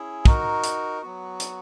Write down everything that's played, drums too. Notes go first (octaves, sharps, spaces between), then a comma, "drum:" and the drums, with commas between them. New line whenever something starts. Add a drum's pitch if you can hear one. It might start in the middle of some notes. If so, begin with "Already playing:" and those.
Already playing: C#4 E4 G#4
D#4 F#4 A#4, drum: kick
drum: hi-hat
F#3 B3 F#4
drum: hi-hat